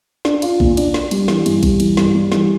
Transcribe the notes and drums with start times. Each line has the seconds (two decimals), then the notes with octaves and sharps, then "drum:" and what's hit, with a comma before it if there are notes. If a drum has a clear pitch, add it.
0.25 D4, drum: snare
0.42 F4, drum: cymbal
0.60 A#2, drum: kick A#1
0.77 D4, drum: cymbal
0.94 D4, drum: snare
1.11 G3, drum: cymbal
1.28 E3, drum: snare
1.46 G2, drum: cymbal
1.63 G2, drum: kick A#1, cymbal
1.80 E3, drum: cymbal
1.97 G2, drum: snare
2.15 G3
2.32 E3, drum: snare